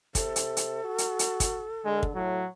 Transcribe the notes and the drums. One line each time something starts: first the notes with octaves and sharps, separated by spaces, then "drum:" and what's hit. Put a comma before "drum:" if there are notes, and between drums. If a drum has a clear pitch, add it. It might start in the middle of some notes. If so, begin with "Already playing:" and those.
C3 A4, drum: kick, hi-hat
drum: hi-hat
drum: hi-hat
F#4
drum: hi-hat
drum: hi-hat
drum: kick, hi-hat
D3 G#3
drum: kick
A2 F#3